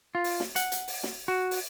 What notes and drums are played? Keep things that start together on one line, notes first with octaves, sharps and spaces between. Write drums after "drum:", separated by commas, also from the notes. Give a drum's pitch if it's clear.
F4
drum: open hi-hat
drum: snare
F#5, drum: hi-hat
drum: hi-hat
drum: open hi-hat
drum: snare
F#4
drum: open hi-hat